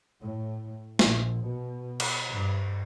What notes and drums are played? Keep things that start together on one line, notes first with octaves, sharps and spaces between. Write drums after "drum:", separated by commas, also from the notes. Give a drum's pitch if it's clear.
A2
A#1, drum: snare
B2
drum: cymbal
G2